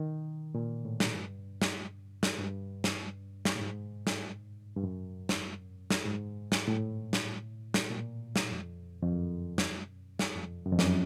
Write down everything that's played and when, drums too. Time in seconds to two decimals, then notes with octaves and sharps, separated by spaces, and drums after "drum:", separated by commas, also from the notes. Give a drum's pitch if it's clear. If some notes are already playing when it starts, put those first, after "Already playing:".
Already playing: D#3
0.55 A#2
0.85 A2
1.00 drum: snare
1.15 G2
1.62 drum: snare
2.23 drum: snare
2.38 G2
2.84 drum: snare
3.45 drum: snare
3.56 A2
3.61 G#2
4.07 drum: snare
4.76 G2
4.83 F#2
5.29 drum: snare
5.90 drum: snare
6.05 G#2
6.52 drum: snare
6.68 A2
7.13 drum: snare
7.74 drum: snare
7.90 A#2
8.36 drum: snare
8.51 F2
9.03 F2
9.12 F#2
9.58 drum: snare
10.19 drum: snare
10.35 F2
10.65 F#2
10.72 F2
10.79 F#2, drum: snare